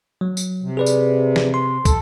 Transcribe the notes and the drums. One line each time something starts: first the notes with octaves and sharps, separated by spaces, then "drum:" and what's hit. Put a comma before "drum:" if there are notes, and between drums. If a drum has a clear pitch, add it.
F#3
drum: tambourine
C3
G#4 B4 D5
drum: tambourine
drum: snare
C6
A4, drum: kick, tambourine